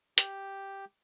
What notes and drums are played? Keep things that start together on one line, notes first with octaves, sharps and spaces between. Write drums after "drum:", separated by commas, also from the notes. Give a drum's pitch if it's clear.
G4, drum: hi-hat